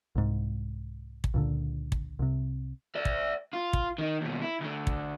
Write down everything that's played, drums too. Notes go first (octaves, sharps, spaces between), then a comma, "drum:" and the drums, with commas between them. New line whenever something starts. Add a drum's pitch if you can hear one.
C2 G#2
drum: kick
C#2 A#2 D3
drum: kick
C2 C3
D5 E5
drum: kick
F4
drum: kick
D#3 D#4
D#2 B2
E4
D2 D3
drum: kick